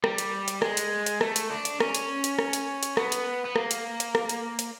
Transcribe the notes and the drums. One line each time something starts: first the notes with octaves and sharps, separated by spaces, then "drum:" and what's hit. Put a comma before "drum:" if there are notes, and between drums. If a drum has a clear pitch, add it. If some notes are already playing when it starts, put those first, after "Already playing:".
G3, drum: rim click
drum: hi-hat
drum: hi-hat
G#3, drum: rim click
drum: hi-hat
drum: hi-hat
A3, drum: rim click
drum: hi-hat
D4
drum: hi-hat
C#4, drum: rim click
drum: hi-hat
drum: hi-hat
drum: rim click
drum: hi-hat
drum: hi-hat
B3, drum: rim click
drum: hi-hat
B3
A#3, drum: rim click
drum: hi-hat
drum: hi-hat
drum: rim click
drum: hi-hat
drum: hi-hat